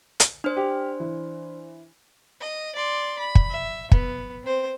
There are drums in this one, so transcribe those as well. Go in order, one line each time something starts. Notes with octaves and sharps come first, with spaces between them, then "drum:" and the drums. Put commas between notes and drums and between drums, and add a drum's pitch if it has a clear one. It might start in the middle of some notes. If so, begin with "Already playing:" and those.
drum: hi-hat
D4 C5 F6
G4
E3
D#5
D5 C6
B5
drum: kick
E5
B3, drum: kick
C4 C5